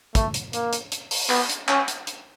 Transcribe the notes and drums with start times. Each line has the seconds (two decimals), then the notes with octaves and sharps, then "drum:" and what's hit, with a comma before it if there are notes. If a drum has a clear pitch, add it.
0.15 A3, drum: kick, hi-hat
0.34 drum: hi-hat
0.53 A#3, drum: hi-hat
0.73 drum: hi-hat
0.92 drum: hi-hat
1.11 drum: open hi-hat
1.30 B3, drum: clap
1.49 drum: hi-hat
1.68 C#4, drum: clap
1.88 drum: hi-hat
2.07 drum: hi-hat